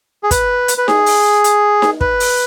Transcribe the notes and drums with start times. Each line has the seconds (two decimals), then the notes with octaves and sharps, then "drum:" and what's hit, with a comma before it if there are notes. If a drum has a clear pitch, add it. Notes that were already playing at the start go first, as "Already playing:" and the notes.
0.23 G#4
0.31 B4, drum: kick, hi-hat
0.68 drum: hi-hat
0.78 B4
0.88 G#4, drum: snare D#4
1.06 drum: open hi-hat
1.44 drum: hi-hat
1.82 drum: snare D#4
2.01 B4, drum: kick
2.20 drum: open hi-hat